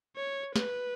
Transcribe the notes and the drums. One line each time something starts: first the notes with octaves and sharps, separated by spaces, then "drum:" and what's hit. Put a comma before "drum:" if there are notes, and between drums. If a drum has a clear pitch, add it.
C#5
B4, drum: snare